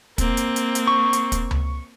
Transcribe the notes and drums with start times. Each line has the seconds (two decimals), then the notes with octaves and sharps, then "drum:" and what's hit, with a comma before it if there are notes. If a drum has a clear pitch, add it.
0.18 A#3 C4, drum: kick, hi-hat
0.37 drum: hi-hat
0.56 drum: hi-hat
0.75 drum: hi-hat
0.87 C#6
1.13 drum: hi-hat
1.32 drum: kick, hi-hat
1.51 drum: tom C#2